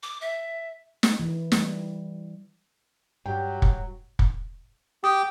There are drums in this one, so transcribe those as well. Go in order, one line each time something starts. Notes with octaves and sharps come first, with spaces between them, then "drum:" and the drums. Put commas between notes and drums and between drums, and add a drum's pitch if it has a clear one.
D6
E5
drum: snare
E3
G3, drum: snare
G2 F#3 G4 G5
drum: kick
drum: kick
G4 G5 D#6